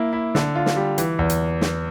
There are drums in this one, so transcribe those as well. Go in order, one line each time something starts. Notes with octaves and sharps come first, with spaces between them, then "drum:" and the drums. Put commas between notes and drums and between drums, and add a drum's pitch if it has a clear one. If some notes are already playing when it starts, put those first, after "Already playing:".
Already playing: A#3 E4
E4
D3, drum: snare
F4
drum: snare
G3
E3, drum: hi-hat
E2
drum: hi-hat
drum: snare